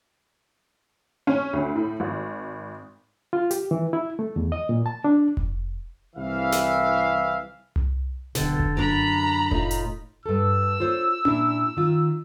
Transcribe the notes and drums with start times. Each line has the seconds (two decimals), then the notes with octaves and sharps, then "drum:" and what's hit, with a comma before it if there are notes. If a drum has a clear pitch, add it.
1.27 C#4
1.53 D2
1.75 A2
2.00 G#1
3.33 F4
3.51 G4, drum: hi-hat
3.71 E3
3.93 E4
4.19 A3
4.36 E2
4.52 D#5
4.69 A#2
4.86 A5
5.04 D4
5.37 drum: kick F1
6.16 C2 E3 E5 F5
6.52 drum: snare
7.76 drum: tom C2
8.35 D1 B2 D3 A4 G5, drum: snare
8.60 drum: kick F1
8.77 F#2 D4 A#4 D5 A#5 B5
9.51 A2 D#4 F4, drum: kick F1
9.71 drum: hi-hat
10.26 G2 A4 E6
10.80 F4 C5 C#5
11.25 A#2 D4 E4, drum: tom C#4
11.77 D#3 F4